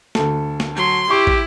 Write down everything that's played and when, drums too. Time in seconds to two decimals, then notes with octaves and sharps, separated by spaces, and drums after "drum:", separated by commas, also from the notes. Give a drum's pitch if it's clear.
0.15 D2 A4, drum: snare
0.60 drum: snare
0.75 F#3 C6
1.10 E4 G4 C#6
1.27 drum: kick